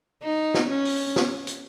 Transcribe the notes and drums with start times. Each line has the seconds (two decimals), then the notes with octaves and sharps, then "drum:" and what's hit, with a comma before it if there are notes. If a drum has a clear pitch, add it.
0.23 D#4
0.54 drum: snare
0.69 C#4
0.85 drum: open hi-hat
1.16 drum: snare
1.47 drum: hi-hat